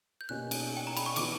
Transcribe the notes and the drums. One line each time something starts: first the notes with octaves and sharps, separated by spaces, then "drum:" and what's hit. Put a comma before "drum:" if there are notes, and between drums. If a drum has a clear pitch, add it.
G6
B2 A#3 C#4 G4 F#6
drum: cymbal
G5
A#5
B5, drum: cymbal
C#6
E3 B3 F#4 D6, drum: cymbal